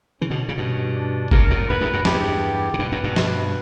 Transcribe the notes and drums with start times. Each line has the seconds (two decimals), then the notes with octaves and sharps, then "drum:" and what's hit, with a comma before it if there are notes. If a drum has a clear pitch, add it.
0.21 C#3 E3 C#4
0.30 B2 D3
0.48 A#2 C#3
0.58 G2 B2
0.95 D4
1.31 G2 B2 A#4, drum: kick G1
1.50 F#2 A#2
1.69 F#2 B4
1.81 E2 G2
1.93 F#2 A#2
2.05 E2 G2 G4, drum: snare
2.74 C#3
2.79 G2 B2 B4
2.92 F#2 A#2
3.04 G2 B2
3.16 drum: snare